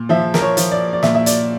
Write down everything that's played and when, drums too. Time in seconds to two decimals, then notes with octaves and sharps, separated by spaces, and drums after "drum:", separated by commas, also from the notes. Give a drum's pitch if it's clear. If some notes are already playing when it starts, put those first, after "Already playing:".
Already playing: A#2
0.09 F3 E5
0.34 A#4, drum: snare
0.40 C#5
0.57 F3, drum: hi-hat
0.71 D5
0.93 D5
1.03 A#2 E5, drum: snare
1.15 E5
1.26 D5, drum: hi-hat